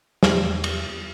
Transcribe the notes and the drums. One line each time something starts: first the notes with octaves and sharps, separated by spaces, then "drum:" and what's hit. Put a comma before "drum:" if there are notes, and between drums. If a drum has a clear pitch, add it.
E2, drum: snare
drum: cymbal